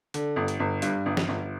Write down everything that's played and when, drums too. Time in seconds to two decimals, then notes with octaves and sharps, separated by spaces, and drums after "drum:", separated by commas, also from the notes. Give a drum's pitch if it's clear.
0.14 D3, drum: hi-hat
0.36 G1
0.48 drum: hi-hat
0.60 G1
0.82 G2, drum: hi-hat
1.06 G1
1.17 drum: snare
1.28 G1